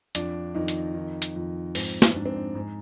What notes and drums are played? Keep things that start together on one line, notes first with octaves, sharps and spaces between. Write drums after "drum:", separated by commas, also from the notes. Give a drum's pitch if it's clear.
F2 D4 D5, drum: hi-hat
F2 D#3 D#4
drum: hi-hat
D#3
drum: hi-hat
F2
G#2 C4, drum: open hi-hat
drum: snare
G#2 D4
C4
D4
G#2